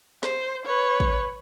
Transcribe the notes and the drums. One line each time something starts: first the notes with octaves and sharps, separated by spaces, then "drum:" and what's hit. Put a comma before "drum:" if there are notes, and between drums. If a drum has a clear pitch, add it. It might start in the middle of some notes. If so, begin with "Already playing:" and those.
C5, drum: snare
B4 C#5
drum: kick